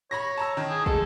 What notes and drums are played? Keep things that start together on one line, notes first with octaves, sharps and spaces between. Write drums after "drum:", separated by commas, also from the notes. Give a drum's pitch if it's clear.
C#5 B5 C#6 A#6
A5 A#5 E6
D#3
G#4
G#3 A4, drum: kick